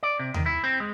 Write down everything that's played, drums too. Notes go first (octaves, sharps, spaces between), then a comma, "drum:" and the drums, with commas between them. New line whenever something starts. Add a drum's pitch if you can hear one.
D5
C3
D#3, drum: tom D#2
E4
C4
G#3